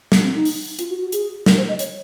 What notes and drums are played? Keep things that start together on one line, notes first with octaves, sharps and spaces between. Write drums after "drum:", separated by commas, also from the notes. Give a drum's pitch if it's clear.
A#3, drum: snare
C4
D#4
drum: open hi-hat
F4, drum: hi-hat
F#4
F#4
G#4, drum: hi-hat
A#4, drum: snare
C5
D#5
C#5, drum: hi-hat